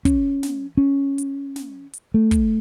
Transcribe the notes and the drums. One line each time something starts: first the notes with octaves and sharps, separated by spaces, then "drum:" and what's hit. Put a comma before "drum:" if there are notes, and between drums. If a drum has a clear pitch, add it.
C#4, drum: kick, hi-hat
drum: snare
C#4
drum: hi-hat
drum: snare
drum: hi-hat
A3
drum: kick, hi-hat